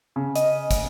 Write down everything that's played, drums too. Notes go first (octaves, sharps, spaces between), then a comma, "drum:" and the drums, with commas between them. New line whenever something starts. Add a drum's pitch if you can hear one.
C#3
D#5, drum: hi-hat
drum: kick, hi-hat